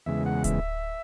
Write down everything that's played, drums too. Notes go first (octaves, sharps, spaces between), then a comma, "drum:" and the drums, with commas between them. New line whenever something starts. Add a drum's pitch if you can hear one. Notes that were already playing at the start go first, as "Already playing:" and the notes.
E2 C#3 G#3 E5
F#5
E5, drum: kick D1, hi-hat